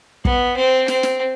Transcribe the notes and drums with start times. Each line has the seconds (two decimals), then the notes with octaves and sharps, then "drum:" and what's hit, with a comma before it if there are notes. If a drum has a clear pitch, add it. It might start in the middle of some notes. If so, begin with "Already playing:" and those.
0.25 B3, drum: kick
0.56 C4
0.88 C4, drum: snare
1.03 drum: snare